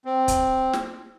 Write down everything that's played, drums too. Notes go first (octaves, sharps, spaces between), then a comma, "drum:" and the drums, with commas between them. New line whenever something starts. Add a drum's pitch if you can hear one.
C4
drum: kick, hi-hat
drum: snare